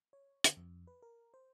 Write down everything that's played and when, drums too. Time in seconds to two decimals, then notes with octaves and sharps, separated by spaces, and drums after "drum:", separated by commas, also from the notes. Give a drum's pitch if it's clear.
0.13 C#5
0.44 D3, drum: hi-hat
0.57 F2
0.87 B4
1.02 A#4
1.34 C5